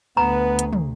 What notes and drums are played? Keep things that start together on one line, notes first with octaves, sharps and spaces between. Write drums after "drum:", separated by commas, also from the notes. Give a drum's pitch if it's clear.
D2 B3 B4 A#5
drum: hi-hat
drum: tom